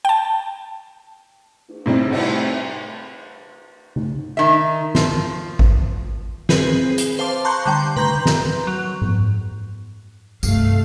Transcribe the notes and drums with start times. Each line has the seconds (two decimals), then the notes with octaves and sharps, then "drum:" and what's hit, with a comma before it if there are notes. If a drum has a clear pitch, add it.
0.05 G5 A5
1.68 drum: cymbal
1.86 A2 C3 G3 C4 D#4
2.11 drum: cymbal
3.96 drum: tom C#3
4.37 D#3 E5
4.95 F3, drum: snare
5.59 drum: kick G#1
6.49 C4 G#4 B4, drum: snare
6.98 drum: hi-hat
7.19 C5 F5 A5 D6
7.45 A5 A#5 C6 C#6 F#6 G6
7.66 D3 G3 G5 C6
7.97 B4 A#5 C6 G6, drum: tom C#3
8.26 drum: snare
8.67 F#3
9.02 drum: tom G#2
10.43 G2 C3 A3 F5, drum: tambourine